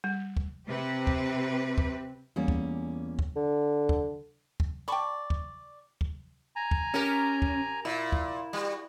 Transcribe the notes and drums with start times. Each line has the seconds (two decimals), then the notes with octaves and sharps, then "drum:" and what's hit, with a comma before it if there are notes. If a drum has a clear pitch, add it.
0.04 G3
0.37 drum: kick D2
0.67 C3 C4 G4 B4
1.07 drum: kick D2
1.78 drum: kick D2
2.36 E2 G3 A#3 C#4
2.48 drum: kick D2
3.19 drum: kick D2
3.36 D3
3.89 drum: kick D2
4.60 drum: kick D2
4.88 D5 G5 A5 B5 C#6
5.30 drum: kick D2
6.01 drum: kick D2
6.56 G#5 A#5
6.71 drum: kick D2
6.94 C#4 G4 A#4
7.42 drum: kick D2
7.85 A#2 E4
8.12 drum: kick D2
8.53 G3 F#4